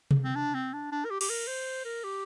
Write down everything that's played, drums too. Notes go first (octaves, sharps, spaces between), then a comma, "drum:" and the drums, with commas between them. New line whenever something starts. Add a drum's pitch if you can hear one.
drum: tom C3
C4
D4
C4
D4
D4
A#4
G4
G4, drum: cymbal
A#4
C5
A#4
G4